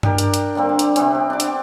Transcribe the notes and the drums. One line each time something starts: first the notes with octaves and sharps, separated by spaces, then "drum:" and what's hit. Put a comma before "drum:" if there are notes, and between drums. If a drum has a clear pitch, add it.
D4 G4 A#4, drum: tom G2
drum: hi-hat
drum: hi-hat
D3 G3 A#3 C4
A5
drum: hi-hat
C3 B3 C4, drum: hi-hat
G4
D4 D6
drum: hi-hat